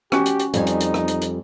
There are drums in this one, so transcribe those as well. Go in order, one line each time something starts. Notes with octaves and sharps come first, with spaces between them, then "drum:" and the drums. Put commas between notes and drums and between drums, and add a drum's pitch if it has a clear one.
C#4 F#4 G4, drum: rim click
drum: hi-hat
drum: hi-hat
F2 G3 D#4 G#5, drum: hi-hat
drum: hi-hat
drum: hi-hat
drum: rim click
drum: hi-hat
drum: hi-hat